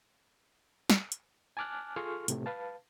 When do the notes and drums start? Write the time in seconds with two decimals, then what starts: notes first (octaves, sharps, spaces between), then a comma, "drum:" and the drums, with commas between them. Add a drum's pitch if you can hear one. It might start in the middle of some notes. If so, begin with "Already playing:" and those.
0.90 drum: snare
1.12 drum: hi-hat
1.57 G#5 A5 D6 F6 F#6
1.96 F4 G#4 A4 C6 C#6 F6
2.28 A2 C3 A3, drum: hi-hat
2.46 B4 F5 A5